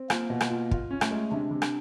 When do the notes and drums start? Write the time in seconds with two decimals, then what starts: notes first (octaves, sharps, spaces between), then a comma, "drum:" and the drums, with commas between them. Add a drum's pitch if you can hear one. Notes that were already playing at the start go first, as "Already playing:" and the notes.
Already playing: C4
0.10 A#3 F4, drum: rim click
0.30 B2
0.41 drum: rim click
0.50 F4
0.71 F4, drum: kick
0.91 C#4
1.01 A3, drum: rim click
1.11 G#3
1.31 C3 D4
1.51 C3
1.62 drum: rim click